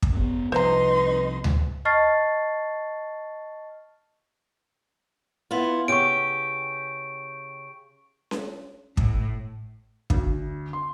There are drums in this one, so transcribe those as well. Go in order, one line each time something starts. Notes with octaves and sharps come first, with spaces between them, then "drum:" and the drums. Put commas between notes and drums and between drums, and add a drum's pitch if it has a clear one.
drum: kick
F#2 B3
C2 F3 D#4 B4 C5 A#5 C6
drum: tom D2
D#5 A5 C#6 F6 A6 C7
B3 E4 F4
C#3 G4 C#6 D7
drum: snare C#4
A2, drum: kick
D2, drum: kick
C6